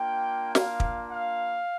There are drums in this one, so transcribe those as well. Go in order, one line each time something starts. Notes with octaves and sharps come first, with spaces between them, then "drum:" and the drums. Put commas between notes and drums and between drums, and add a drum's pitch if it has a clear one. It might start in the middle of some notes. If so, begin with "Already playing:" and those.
Already playing: A#3 D4 F4 G5
F5, drum: snare
drum: kick
F5